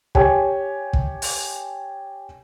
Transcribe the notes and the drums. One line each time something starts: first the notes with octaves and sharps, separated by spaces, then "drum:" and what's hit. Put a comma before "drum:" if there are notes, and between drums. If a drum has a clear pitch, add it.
G4 C#5 G#5, drum: kick
drum: kick
drum: open hi-hat